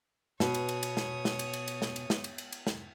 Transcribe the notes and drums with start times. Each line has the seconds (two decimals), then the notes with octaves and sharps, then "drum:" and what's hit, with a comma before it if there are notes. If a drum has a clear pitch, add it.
0.40 B2 C#5 D#6, drum: snare
0.54 drum: cymbal
0.69 drum: cymbal
0.83 drum: cymbal
0.97 drum: snare
1.25 drum: snare
1.39 drum: cymbal
1.53 drum: cymbal
1.68 drum: cymbal
1.82 drum: snare
1.96 drum: cymbal
2.10 drum: snare
2.24 drum: cymbal
2.38 drum: cymbal
2.52 drum: cymbal
2.67 drum: snare